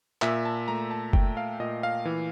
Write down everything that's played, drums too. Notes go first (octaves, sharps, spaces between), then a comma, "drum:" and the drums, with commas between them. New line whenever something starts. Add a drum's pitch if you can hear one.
A#2 E5, drum: clap
A5
A3 A#5
A5
A3 G5, drum: kick F#1
F5
A#2 D#5
F5
E3